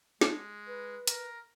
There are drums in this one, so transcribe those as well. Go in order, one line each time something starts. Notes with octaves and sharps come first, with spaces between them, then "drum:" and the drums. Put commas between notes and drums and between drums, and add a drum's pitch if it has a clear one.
G#3, drum: snare
B4
A#4, drum: hi-hat